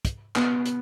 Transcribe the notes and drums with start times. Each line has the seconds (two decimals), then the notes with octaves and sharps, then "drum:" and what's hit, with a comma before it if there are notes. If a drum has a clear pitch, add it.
0.05 drum: kick, hi-hat
0.36 B3, drum: clap
0.66 drum: hi-hat